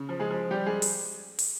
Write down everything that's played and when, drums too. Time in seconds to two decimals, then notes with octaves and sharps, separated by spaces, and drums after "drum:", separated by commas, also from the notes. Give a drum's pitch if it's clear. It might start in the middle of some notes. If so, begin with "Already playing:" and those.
Already playing: C#3
0.09 F3
0.20 G#3 G#4
0.31 F3
0.51 G3 G4
0.66 G#3 G#4
0.82 drum: open hi-hat
1.39 drum: open hi-hat